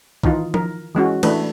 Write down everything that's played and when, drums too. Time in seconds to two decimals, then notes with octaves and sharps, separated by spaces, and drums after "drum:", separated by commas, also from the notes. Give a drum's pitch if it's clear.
0.23 D#3 E3 D#4 F4, drum: kick
0.54 A#4, drum: tom F3
0.95 E3 G#3 C#4 F#4
1.23 E3 A3 D4 B4, drum: cymbal